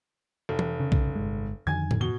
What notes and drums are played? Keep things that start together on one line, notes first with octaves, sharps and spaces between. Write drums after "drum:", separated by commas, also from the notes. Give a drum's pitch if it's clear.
F1
drum: tom E3
C#3
drum: kick A#1
G1 G#3
F2 D3 D#3 G#5 G#6
drum: tom A2
B2 G7